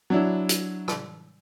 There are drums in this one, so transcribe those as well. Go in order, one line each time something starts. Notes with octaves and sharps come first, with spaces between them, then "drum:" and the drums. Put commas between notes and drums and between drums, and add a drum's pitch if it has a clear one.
F#3 D4 E4
drum: hi-hat
drum: rim click